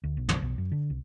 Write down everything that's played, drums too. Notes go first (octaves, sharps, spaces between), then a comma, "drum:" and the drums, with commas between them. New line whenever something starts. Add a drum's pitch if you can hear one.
D2
B1
drum: tom
B1
F#2
D3
C2